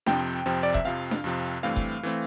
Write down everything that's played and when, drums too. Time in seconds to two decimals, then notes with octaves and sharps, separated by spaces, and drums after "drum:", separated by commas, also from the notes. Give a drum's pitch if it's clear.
0.06 F2 C3 F3 C4 G5, drum: snare D4
0.46 F2 C3 F3 C4
0.63 D5
0.74 E5, drum: kick F#1
0.85 F2 C3 F3 C4 F5
1.11 drum: snare D4
1.24 F2 C3 F3 C4
1.63 G2 E3 A3 C4 F5
1.76 drum: kick F#1
2.03 E3 A3 C4